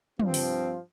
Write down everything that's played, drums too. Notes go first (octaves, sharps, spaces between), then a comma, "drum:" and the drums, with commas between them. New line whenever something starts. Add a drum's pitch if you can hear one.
G2 F3 C4, drum: tom
drum: open hi-hat